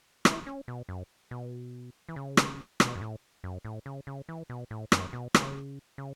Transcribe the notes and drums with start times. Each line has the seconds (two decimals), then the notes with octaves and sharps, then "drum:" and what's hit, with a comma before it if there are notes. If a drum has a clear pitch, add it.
0.25 E4, drum: rim click
0.47 C#4
0.68 B2
0.89 F#2
1.31 B2
2.09 E3
2.16 C#3
2.37 drum: rim click
2.80 B2, drum: rim click
2.95 F#2
3.01 A2
3.44 F#2
3.65 A2
3.86 C#3
4.07 C#3
4.29 E3
4.50 B2
4.71 A2
4.92 F#2, drum: rim click
5.13 B2
5.34 C#3, drum: rim click
5.98 C#3